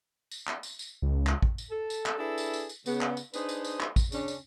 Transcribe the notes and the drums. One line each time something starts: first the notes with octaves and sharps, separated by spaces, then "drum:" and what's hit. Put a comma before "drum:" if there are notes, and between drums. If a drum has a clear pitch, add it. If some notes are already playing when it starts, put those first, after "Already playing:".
drum: tambourine
drum: clap
drum: tambourine
drum: tambourine
C#2
drum: clap
drum: kick A1
drum: tambourine
A4
drum: tambourine
drum: clap
D4 E4 G#4 A4 B4
drum: tambourine
drum: tambourine
drum: tambourine
C#3 B3, drum: tambourine
drum: clap
drum: tambourine
D4 D#4 G#4 B4 C5, drum: tambourine
drum: tambourine
drum: tambourine
drum: clap
drum: kick A1, tambourine
C#3 C#4 D4, drum: tambourine
drum: tambourine